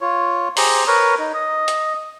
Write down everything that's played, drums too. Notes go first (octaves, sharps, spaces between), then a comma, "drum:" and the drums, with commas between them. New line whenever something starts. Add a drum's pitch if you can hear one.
F4 C#5
G4 G#4 C5 A#5, drum: open hi-hat
A#4 B4 C#5
D#4
D#5
drum: hi-hat